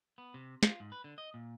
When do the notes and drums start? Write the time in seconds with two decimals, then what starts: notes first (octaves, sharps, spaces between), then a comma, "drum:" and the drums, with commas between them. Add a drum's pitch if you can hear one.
0.18 B3
0.34 C3
0.63 F4, drum: snare
0.80 G#2
0.92 B4
1.04 D3
1.18 D#5
1.34 A#2